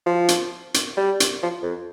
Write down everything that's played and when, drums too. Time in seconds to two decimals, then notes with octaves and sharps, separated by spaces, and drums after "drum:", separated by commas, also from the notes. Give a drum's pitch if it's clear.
0.06 F3
0.28 drum: hi-hat
0.74 drum: hi-hat
0.97 G3
1.20 drum: hi-hat
1.43 F3
1.62 F2